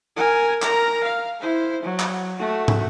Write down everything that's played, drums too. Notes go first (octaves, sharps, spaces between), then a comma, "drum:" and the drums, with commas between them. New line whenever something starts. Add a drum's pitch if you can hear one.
A#4 G#5
A#4 A#5, drum: clap
F5
E4 C5
F#3
drum: clap
A3 F#4
drum: tom